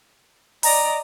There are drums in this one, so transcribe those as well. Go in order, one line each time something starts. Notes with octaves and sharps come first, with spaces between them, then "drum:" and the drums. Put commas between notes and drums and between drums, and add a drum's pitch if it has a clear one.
D5 D#5 A#5, drum: open hi-hat